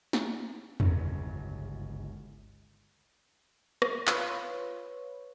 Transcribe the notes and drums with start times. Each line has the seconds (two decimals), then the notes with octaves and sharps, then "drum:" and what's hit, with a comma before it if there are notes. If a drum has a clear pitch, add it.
0.13 drum: snare
0.80 G1 C#2 F#2, drum: tom E2
3.82 drum: rim click
4.07 F4 B4 C#5, drum: clap